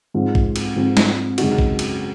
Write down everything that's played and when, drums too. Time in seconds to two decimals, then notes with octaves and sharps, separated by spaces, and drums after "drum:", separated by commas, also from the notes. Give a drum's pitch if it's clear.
0.14 G#2 F3 C4
0.35 drum: kick A#1
0.56 drum: cymbal
0.76 G#2 F3 C4
0.97 drum: snare
1.38 F#2 C#3 G#3 D#4 F#4, drum: cymbal
1.58 drum: kick A#1
1.79 drum: cymbal